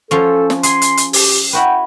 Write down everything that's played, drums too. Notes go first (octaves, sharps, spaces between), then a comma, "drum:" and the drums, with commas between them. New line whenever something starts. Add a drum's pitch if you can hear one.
F3 C#4 A4
drum: snare
G#4 C6, drum: hi-hat
drum: hi-hat
drum: hi-hat
G4, drum: open hi-hat
E4 F#4 B4 G5